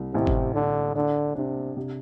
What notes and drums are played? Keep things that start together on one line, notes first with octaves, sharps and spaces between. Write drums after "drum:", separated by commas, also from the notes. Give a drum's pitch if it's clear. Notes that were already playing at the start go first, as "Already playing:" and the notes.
Already playing: C2
A1 C3
drum: kick G1
D3 D4
D3 D4
C3 D4
C3